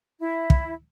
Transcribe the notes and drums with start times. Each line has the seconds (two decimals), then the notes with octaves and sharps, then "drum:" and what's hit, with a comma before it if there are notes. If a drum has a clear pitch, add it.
0.20 E4
0.50 drum: kick